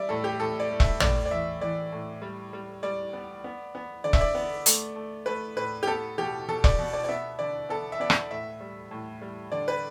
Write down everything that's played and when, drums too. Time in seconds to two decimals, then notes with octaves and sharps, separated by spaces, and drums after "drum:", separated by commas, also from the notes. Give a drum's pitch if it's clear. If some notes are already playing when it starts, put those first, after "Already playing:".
Already playing: G3 D5 E5
0.09 A2 A4
0.24 G4
0.40 A2 A4
0.60 D5
0.70 G3
0.80 E5, drum: kick E1
1.00 A2 D5, drum: tom
1.25 D5
1.31 E3 E5
1.61 E3 D5
1.92 A2
2.22 G3
2.53 G3
2.83 G3 D5
3.13 B3
3.44 B3
3.75 B3
4.04 D3 D5
4.13 E5, drum: kick E1
4.21 D5
4.35 B3
4.66 A3, drum: hi-hat
4.96 A3
5.26 A3 B4
5.56 A2 B4
5.83 G4
5.87 B3 A4
6.18 B2 G4
6.48 B2 A4
6.64 D5, drum: kick E1
6.78 B2
6.93 D5
7.04 D5
7.09 B3 E5
7.39 D3 D5
7.69 B3 A4
7.92 E5
8.00 B3 D5
8.10 drum: rim click
8.31 A2 E5
8.61 G3
8.91 A2
9.21 G3
9.52 D3 D5
9.68 B4